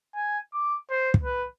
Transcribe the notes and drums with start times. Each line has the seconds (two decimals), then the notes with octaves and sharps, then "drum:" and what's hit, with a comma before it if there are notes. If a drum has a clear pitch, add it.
0.15 G#5
0.53 D6
0.90 C5
1.14 drum: kick
1.23 B4